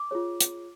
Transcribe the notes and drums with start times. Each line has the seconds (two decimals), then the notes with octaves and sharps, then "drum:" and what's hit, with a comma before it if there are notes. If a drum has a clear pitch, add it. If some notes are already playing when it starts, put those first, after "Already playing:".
Already playing: D6
0.11 F4 G#4 C#5
0.40 drum: hi-hat